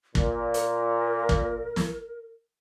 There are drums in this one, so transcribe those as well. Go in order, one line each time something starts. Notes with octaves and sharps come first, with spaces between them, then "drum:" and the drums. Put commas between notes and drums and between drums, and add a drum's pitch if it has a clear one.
A#2 A#4, drum: kick
drum: hi-hat
drum: kick
drum: snare